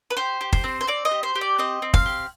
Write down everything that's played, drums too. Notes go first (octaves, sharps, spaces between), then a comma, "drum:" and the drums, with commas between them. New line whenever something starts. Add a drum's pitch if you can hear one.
B4
G4 C5
G4
C5, drum: kick
C4
C5
C4 D5
D#5
G4
C5
G4
D5
C4 D#5
C4
F5, drum: kick
G4